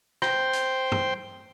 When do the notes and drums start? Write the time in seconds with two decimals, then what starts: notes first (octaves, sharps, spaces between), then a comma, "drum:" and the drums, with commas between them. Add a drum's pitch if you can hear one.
0.22 C5 G5, drum: rim click
0.53 drum: hi-hat
0.92 drum: tom